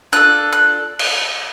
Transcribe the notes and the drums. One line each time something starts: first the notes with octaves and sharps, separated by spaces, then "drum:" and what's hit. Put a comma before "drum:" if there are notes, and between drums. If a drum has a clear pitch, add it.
D4 F4 A4 F#6
F#6
drum: cymbal